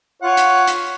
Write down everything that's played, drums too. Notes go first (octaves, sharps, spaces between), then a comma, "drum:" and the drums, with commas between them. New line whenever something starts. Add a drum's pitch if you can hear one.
F4 C#5 F#5
drum: hi-hat
drum: hi-hat